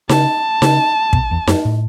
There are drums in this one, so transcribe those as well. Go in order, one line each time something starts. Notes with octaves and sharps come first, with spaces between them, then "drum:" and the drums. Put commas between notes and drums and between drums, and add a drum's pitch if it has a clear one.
C#3 A5, drum: snare D#4
C#3, drum: snare D#4
B2, drum: kick
E2
F#2, drum: snare D#4
A2